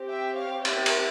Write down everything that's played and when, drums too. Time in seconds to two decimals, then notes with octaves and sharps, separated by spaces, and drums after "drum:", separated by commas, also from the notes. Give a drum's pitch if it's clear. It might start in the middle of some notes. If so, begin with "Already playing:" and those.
Already playing: C4 G4
0.09 E5 G5
0.36 C#5 F5
0.65 E5, drum: cymbal
0.86 drum: cymbal